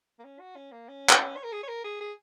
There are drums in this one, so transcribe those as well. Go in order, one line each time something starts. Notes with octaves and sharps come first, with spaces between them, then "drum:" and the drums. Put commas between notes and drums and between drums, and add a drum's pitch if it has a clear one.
A#3
C#4
F#4
C#4
A#3
C#4
drum: clap
C#5
A#4
G#4
C#5
A#4
G#4
G#4